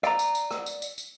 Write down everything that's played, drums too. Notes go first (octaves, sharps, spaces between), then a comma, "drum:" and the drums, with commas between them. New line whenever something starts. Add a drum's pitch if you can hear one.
D5 A#5, drum: rim click
drum: tambourine
drum: tambourine
drum: rim click
drum: tambourine
drum: tambourine
drum: tambourine